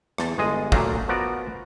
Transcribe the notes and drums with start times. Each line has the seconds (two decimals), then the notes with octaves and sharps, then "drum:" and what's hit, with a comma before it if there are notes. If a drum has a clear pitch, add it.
0.18 E2 A5, drum: rim click
0.38 G1 G#3 G#4 D#5
0.72 A#2 F#3 A3 A#3 D4 F5, drum: kick
1.08 F3 B3 F#4 A#4 D5